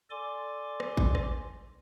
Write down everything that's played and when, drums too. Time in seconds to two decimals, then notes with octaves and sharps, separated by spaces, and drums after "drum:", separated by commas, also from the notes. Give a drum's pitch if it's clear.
0.10 A4 D5 G#5 C6 D6
0.80 drum: rim click
0.97 drum: kick G#1
1.15 drum: rim click